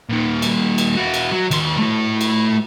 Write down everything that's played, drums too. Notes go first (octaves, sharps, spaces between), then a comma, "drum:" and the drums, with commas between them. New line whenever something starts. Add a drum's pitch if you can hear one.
A#2 D#3
drum: cymbal
drum: cymbal
E4 F#4
drum: cymbal
F#3
D#2 C6, drum: cymbal
A3 E4
drum: cymbal